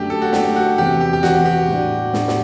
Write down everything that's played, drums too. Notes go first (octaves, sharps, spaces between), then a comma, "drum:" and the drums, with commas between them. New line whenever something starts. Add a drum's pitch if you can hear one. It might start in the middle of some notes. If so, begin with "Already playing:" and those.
Already playing: F#2 D3 A3 G4
A4
F#4
F#2 D3 A3 G4, drum: snare
F#4
E1 E2 C3 G4
G4
G4
E1 E2 C3 F#4, drum: snare
G4
A2 G3 D4
A2 G3 D4, drum: snare
drum: snare